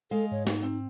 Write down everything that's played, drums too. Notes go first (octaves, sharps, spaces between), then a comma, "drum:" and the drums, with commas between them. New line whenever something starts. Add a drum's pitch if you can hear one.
G#3 A4 D#5 F5
G#2 C#5
D#4, drum: snare
C4